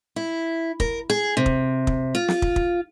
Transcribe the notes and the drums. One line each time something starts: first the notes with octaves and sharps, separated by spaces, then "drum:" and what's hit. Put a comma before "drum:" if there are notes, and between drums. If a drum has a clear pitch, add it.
E4
A#4, drum: kick
G#4
C3
drum: kick
drum: kick
F4
drum: snare
drum: kick
drum: kick